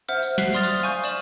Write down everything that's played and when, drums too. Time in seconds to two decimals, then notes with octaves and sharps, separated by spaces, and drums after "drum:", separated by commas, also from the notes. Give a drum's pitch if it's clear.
0.09 C5 E5 F#5 F6
0.23 drum: tambourine
0.38 F#6 B6 C7, drum: snare
0.54 D5 C6 D#6 F6 A6 F7
0.63 drum: tambourine
0.83 F5 G#5 C#6 G6
1.04 D5 E7 F#7, drum: tambourine